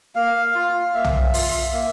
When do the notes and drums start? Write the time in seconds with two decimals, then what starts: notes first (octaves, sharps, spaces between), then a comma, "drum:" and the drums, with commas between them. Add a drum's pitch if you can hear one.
0.15 A#3 F5
0.55 F4
0.94 A#3 E5
1.04 drum: tom
1.34 F4, drum: open hi-hat
1.73 A#3